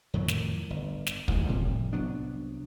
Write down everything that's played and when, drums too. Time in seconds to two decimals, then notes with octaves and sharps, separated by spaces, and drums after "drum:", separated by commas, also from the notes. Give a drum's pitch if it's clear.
0.14 F2 A2 D#3 F#3
0.28 drum: snare
0.70 G1
1.07 drum: snare
1.28 A1 D#2 G#2 G#3, drum: kick
1.46 A2 C3 F3 G3
1.93 C2 F#3 B3 D4